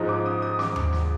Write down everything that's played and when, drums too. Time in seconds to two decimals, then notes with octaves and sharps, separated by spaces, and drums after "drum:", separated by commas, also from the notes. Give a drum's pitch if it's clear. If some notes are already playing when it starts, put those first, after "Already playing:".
Already playing: G#2 F3 G#3 D#4 D#6
0.09 D6
0.26 D#6
0.42 D#6
0.59 D6, drum: snare
0.76 drum: tom D#2
0.93 drum: snare